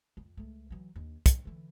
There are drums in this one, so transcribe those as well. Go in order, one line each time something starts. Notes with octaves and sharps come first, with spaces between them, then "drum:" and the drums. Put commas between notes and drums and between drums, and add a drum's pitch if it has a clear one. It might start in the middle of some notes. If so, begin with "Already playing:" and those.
F2
C#2 A3
E3 F#3
D#2 D4
D2, drum: kick, hi-hat
D3 E3